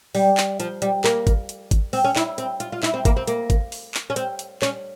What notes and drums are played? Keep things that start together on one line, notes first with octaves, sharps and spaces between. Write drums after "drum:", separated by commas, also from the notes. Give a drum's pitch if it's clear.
G3, drum: open hi-hat
drum: clap
F3, drum: hi-hat
G3, drum: hi-hat
A#3, drum: clap
drum: kick, hi-hat
drum: hi-hat
drum: kick, hi-hat
C4, drum: open hi-hat
C#4
E4, drum: clap
C4, drum: hi-hat
F4, drum: hi-hat
F4
E4, drum: clap
C4
A#3, drum: kick, hi-hat
C4
A#3, drum: hi-hat
drum: kick, hi-hat
drum: open hi-hat
drum: clap
C#4
C4, drum: hi-hat
drum: hi-hat
C#4, drum: clap